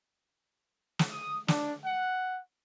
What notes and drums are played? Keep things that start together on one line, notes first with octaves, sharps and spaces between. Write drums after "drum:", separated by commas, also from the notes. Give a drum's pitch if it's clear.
drum: snare
D#6
D4, drum: snare
F#5